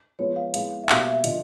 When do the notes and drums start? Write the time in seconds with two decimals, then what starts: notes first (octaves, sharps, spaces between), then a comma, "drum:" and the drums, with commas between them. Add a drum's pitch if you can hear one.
0.19 F3 G#3 B3 C#5
0.36 F5
0.54 G#3 B3 E4 F5, drum: hi-hat
0.84 E5
0.89 B2 G3 A#3 F5, drum: clap
1.07 E5
1.24 D3 F3 D#5, drum: hi-hat